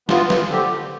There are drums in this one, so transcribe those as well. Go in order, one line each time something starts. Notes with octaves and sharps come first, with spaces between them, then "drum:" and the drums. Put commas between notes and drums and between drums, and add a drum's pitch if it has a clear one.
E3 B3 F4, drum: snare
drum: snare
D3 A3 C4 G4